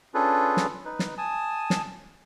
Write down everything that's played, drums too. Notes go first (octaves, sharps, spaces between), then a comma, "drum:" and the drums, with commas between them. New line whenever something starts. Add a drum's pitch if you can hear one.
C#4 D4 F4 G#4 A4 B4
drum: snare
D#4 B4
drum: snare
G#5 A5 D#6
drum: snare